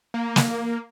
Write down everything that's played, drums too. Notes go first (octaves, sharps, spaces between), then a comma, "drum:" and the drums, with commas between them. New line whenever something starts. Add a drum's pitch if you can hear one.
A#3
drum: snare